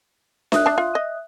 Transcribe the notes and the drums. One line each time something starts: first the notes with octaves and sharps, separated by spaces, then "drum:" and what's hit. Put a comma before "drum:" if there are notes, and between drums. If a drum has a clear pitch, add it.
E5 D#6 F#6, drum: snare D4
D4 A5
F4
D#5